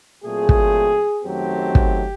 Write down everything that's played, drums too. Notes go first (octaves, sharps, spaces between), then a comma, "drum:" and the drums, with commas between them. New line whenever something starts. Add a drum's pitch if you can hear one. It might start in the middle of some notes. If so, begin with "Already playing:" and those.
A#2 F#3 A3 C4 G#4
drum: kick
F#2 D#3 F#3 A3 C4 G4
drum: kick